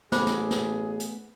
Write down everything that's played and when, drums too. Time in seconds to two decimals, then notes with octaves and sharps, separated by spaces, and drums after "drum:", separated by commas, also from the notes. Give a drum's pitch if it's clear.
0.12 A1 A3 B3 G#4 C5 B5 D6, drum: snare
0.27 drum: snare
0.51 drum: snare
1.00 drum: hi-hat